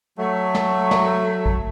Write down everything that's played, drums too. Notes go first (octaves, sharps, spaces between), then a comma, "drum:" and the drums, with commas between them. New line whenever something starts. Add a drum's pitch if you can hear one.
F#3 A3
drum: snare
drum: snare
drum: kick A#1